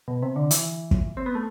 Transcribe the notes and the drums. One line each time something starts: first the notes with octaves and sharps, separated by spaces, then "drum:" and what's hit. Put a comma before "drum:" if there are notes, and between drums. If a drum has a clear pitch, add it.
B2
C3
D3
E3, drum: hi-hat
drum: kick
C4
B3
A3